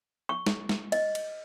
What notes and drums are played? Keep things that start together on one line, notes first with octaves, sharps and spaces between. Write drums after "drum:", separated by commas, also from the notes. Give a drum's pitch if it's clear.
C#6
drum: snare
drum: snare
D#5, drum: cymbal
drum: cymbal